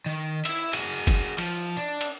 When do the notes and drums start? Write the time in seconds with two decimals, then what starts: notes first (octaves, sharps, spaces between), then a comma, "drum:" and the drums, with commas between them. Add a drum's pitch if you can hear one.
0.06 D#3
0.45 E4 E5, drum: cymbal
0.73 F#4 G#4, drum: cymbal
1.07 drum: kick, cymbal
1.38 F3, drum: cymbal
1.77 D4
2.01 drum: cymbal